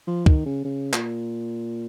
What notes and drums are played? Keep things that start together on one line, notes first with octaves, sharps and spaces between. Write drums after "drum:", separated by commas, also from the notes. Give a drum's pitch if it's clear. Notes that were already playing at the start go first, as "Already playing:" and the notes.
F3
D#3, drum: kick
C#3
C#3
A#2, drum: clap